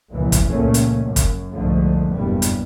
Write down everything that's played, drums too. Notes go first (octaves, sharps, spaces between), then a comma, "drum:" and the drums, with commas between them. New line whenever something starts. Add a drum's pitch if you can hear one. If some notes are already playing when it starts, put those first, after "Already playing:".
F1 C#2 A#2 E3
drum: kick G1, hi-hat
C#2 A#2 A3 A#3 C#4
drum: hi-hat
F#2
drum: kick G1, hi-hat
C2 F2 G#2 D3 F3 A3
F#1 E2 G2 B2 G3
drum: hi-hat